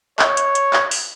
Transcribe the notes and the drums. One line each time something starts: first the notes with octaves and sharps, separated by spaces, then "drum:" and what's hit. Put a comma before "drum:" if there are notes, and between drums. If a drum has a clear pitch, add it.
C#5, drum: clap
drum: hi-hat
drum: hi-hat
drum: clap
drum: open hi-hat